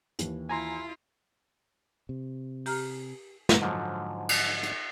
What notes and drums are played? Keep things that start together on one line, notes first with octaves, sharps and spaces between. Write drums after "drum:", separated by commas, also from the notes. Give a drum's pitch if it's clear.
D#2 E3, drum: hi-hat
E4 F4 G#5 A#5 C6
C3
G4 A#5 F6, drum: open hi-hat
drum: snare
G#2 D3 F3 F#3
drum: cymbal
drum: hi-hat